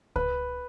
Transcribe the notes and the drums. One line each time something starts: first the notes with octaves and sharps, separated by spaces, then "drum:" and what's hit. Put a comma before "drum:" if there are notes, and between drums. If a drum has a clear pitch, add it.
B4, drum: kick C#2